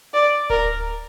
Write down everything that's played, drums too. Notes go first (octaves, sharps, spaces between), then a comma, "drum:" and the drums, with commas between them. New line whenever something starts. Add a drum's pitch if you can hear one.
D5
A#4, drum: kick D1